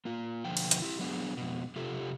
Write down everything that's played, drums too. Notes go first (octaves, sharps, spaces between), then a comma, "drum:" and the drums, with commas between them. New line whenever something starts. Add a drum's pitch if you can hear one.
A#3 F4
B2 D3 F3 G5
drum: cymbal
drum: hi-hat
E4 G4
F#3 B3 D4 G#4
F2 B2
C3 F4 G4 A4